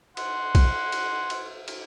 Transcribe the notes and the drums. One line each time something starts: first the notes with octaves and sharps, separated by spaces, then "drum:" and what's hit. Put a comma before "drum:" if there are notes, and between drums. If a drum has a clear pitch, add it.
F#5 C6, drum: cymbal
drum: kick, cymbal
drum: cymbal
drum: cymbal
drum: cymbal